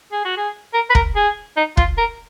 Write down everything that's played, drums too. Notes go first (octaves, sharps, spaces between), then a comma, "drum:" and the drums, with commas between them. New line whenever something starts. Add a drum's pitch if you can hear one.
G#4
F#4
G#4
A#4
B4
A#4, drum: kick
G#4
D#4
F4, drum: kick
A#4